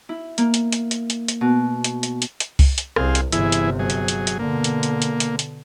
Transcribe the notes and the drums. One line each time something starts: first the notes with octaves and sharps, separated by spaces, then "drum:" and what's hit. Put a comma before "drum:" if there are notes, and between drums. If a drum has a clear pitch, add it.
E4
A#3, drum: hi-hat
drum: hi-hat
drum: hi-hat
drum: hi-hat
drum: hi-hat
drum: hi-hat
B2
drum: hi-hat
drum: hi-hat
drum: hi-hat
drum: hi-hat
drum: kick C2, open hi-hat
drum: hi-hat
C2 C4 G#4 F5, drum: rim click
drum: hi-hat
G1 C3 E3 E4 G#4, drum: hi-hat
drum: hi-hat
F#3 G#4
drum: hi-hat
drum: hi-hat
drum: hi-hat
B2 D3 A#3
drum: hi-hat
drum: hi-hat
drum: hi-hat
drum: hi-hat
drum: hi-hat